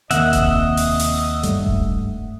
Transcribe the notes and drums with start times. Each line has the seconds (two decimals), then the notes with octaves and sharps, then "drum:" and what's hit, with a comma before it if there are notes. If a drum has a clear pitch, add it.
0.11 D#2 C3 D#3 A#3 D#5 E5 F#5, drum: hi-hat
0.33 drum: kick D#1, hi-hat
0.77 drum: open hi-hat
1.00 drum: open hi-hat
1.43 G#1 G2 G3 A3, drum: hi-hat
1.66 drum: kick D#1